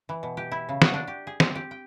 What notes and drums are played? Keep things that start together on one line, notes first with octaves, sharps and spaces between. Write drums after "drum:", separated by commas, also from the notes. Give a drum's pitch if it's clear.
E3
B2
G4
E4
C#3
F#4, drum: snare
D4
G4
G#4
C4, drum: snare
G4
G5